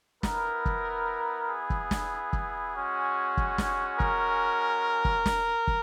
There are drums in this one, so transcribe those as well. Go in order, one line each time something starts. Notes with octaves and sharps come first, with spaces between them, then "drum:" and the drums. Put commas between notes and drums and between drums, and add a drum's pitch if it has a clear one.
B3 E4 A#4, drum: snare
drum: kick
G#4
drum: kick
drum: snare
drum: kick
G#3 C#4 F#4
drum: kick
drum: snare
A#4, drum: kick
drum: kick
drum: snare
drum: kick